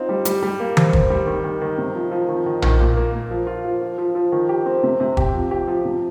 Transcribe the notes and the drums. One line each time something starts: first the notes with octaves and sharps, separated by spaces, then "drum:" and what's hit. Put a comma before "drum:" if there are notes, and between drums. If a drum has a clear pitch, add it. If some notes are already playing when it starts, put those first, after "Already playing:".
Already playing: C4 D#4 F4
G3
G3, drum: hi-hat
G3
A#3
C4, drum: tom D#3
C4, drum: kick
G3
D#3
D#3
D#3
C3
F3
F3
D#3
D#3
D#3, drum: tom A#1
A#2
A#3
A#3
F3
F4
F3
F4
F3
F3
D#3
G4
C4
C3
C3
G4, drum: kick
F3
G4
F3
C3